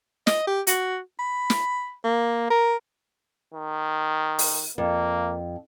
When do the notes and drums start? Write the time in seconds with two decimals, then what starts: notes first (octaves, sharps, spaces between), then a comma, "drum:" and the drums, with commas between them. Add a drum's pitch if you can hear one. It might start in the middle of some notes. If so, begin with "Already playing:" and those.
0.27 D#5, drum: snare
0.47 G4
0.67 F#4, drum: hi-hat
1.19 B5
1.50 drum: snare
2.04 A#3
2.50 A#4
3.54 D#3
4.39 drum: open hi-hat
4.78 F2 A#3